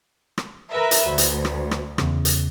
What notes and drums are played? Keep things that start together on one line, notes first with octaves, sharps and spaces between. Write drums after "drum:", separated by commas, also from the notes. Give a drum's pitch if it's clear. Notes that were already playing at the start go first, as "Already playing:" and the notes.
drum: rim click
A#4 B4 E5
drum: hi-hat
D2 F#4 B4 C5
drum: hi-hat
drum: rim click
drum: rim click
E2 C#3, drum: rim click
drum: hi-hat